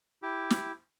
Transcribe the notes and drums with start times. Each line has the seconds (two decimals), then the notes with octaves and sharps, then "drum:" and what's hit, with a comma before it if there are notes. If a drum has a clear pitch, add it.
0.22 E4 G4
0.50 drum: snare